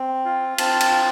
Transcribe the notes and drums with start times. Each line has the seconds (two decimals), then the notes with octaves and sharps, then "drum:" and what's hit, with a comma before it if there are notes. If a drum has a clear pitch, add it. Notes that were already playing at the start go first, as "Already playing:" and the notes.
Already playing: C4
0.25 F4
0.58 C4 A5, drum: cymbal
0.81 drum: cymbal
0.91 F4